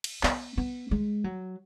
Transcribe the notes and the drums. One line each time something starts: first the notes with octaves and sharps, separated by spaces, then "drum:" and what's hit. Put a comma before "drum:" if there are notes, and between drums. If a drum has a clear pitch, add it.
drum: cymbal
B3, drum: clap
B3
G#3
F#3